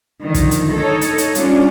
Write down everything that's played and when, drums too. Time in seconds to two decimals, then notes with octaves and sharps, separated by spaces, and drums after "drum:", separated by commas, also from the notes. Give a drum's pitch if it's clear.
0.22 D3 D#3 F3
0.34 drum: kick, hi-hat
0.51 drum: hi-hat
0.73 D#4 A4 C#5
1.01 drum: hi-hat
1.18 drum: hi-hat
1.35 G3 C#4 D4 F4, drum: hi-hat